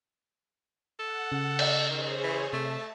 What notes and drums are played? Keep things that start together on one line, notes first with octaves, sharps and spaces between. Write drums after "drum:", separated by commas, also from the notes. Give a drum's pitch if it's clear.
A4 F#5
C#3
drum: cymbal
D#3 G#4 C5 C#5
E3
C3 A3 E5 A5